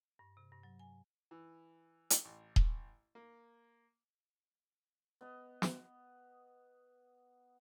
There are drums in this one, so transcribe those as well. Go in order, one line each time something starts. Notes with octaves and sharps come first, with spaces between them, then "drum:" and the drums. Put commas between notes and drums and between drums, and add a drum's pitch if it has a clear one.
G2
C3
G2
F#3
G#5
E3
drum: hi-hat
A1
drum: kick D#1
A#3
B3 D#5
drum: snare